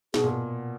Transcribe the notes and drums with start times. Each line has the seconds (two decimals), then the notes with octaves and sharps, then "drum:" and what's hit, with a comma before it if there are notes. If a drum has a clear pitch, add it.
0.14 B2 G#4, drum: snare
0.24 A#2